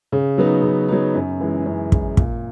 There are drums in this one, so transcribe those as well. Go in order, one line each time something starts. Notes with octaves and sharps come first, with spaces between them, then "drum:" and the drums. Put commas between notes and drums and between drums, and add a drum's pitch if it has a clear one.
C#3
F#3 B3 D#4
C#3
F#3 B3 D#4
F#2
E3 G#3
F#2
E3 G#3, drum: kick
A#2, drum: kick